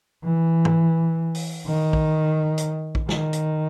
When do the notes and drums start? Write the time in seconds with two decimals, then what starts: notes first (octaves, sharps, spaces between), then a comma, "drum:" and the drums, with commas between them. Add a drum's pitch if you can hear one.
0.24 E3
0.65 drum: tom
1.35 drum: open hi-hat
1.67 D#3
1.93 drum: kick A#1
2.58 drum: hi-hat
2.95 drum: kick A#1
3.09 D#3, drum: snare
3.33 drum: hi-hat